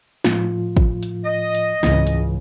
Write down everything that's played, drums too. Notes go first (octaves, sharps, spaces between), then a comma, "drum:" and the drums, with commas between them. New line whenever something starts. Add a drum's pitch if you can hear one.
A2 F3 F4, drum: snare
drum: kick
drum: hi-hat
D#5
drum: hi-hat
C#2 G#2 C#3 E3, drum: snare
drum: hi-hat